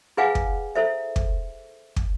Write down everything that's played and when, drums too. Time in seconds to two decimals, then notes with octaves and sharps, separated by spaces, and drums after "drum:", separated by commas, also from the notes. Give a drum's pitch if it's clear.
0.17 E4 G#4 B4 F5 F#5 G#5
0.35 drum: kick
0.75 E4 A4 C5 E5
1.16 drum: kick
1.96 drum: kick